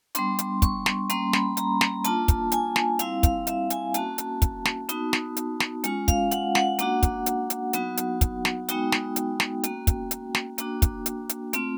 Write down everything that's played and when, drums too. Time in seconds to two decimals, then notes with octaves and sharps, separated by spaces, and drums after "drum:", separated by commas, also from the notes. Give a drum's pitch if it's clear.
0.15 G3 B3 D4 C6, drum: hi-hat
0.39 drum: hi-hat
0.62 C#6, drum: kick, hi-hat
0.86 drum: snare
1.10 G3 A#3 C#4 C6, drum: hi-hat
1.33 B5, drum: snare
1.57 A#5, drum: hi-hat
1.81 A#5, drum: snare
2.04 A#3 D4 F4 A5, drum: hi-hat
2.28 drum: kick, hi-hat
2.52 G#5, drum: hi-hat
2.76 drum: snare
2.99 G3 C4 E4 F5, drum: hi-hat
3.23 F5, drum: kick, hi-hat
3.47 E5, drum: hi-hat
3.70 G#5, drum: hi-hat
3.94 A#3 C#4 F#4 A5, drum: hi-hat
4.18 drum: hi-hat
4.42 drum: kick, hi-hat
4.65 drum: snare
4.89 B3 D#4 F#4, drum: hi-hat
5.13 drum: snare
5.37 drum: hi-hat
5.60 drum: snare
5.84 G#3 C#4 F4, drum: hi-hat
6.08 F5, drum: kick, hi-hat
6.31 F#5, drum: hi-hat
6.55 F#5, drum: snare
6.79 A#3 D4 F#4, drum: hi-hat
7.03 drum: kick, hi-hat
7.26 drum: hi-hat
7.50 drum: hi-hat
7.73 F#3 B3 D#4 F#4, drum: hi-hat
7.97 drum: hi-hat
8.21 drum: kick, hi-hat
8.45 drum: snare
8.69 G#3 B3 D#4 F#4 G5, drum: hi-hat
8.92 drum: snare
9.16 drum: hi-hat
9.40 drum: snare
9.63 A#3 C#4 F#4, drum: hi-hat
9.87 drum: kick, hi-hat
10.11 drum: hi-hat
10.35 drum: snare
10.58 A#3 D4 F#4, drum: hi-hat
10.82 drum: kick, hi-hat
11.06 drum: hi-hat
11.29 drum: hi-hat
11.53 A3 C4 F4, drum: hi-hat